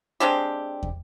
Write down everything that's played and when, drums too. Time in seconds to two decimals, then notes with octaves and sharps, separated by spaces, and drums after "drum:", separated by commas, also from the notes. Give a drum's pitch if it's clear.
0.20 G#3 C4 D4 G4
0.83 drum: kick